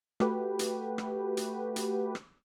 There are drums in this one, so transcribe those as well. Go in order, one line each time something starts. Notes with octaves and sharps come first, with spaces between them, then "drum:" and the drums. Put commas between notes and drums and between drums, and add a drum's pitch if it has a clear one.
A3 F#4 G4 B4, drum: rim click
drum: hi-hat
drum: rim click
drum: hi-hat
drum: hi-hat
drum: rim click